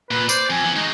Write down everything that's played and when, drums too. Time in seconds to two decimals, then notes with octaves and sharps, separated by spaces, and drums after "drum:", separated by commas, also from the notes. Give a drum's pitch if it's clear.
0.11 A#2 B4
0.29 C5 D5, drum: tambourine
0.50 F2 G#5
0.63 E3 B3
0.76 G#3 D#4 F#4